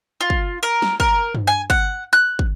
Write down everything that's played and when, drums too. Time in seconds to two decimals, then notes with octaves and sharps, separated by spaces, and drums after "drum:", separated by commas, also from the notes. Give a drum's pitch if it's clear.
0.21 F4
0.30 drum: kick
0.63 A#4
0.82 drum: snare
1.00 A#4, drum: kick
1.35 drum: tom G2
1.47 G#5
1.70 F#5, drum: kick
2.13 F#6
2.39 drum: kick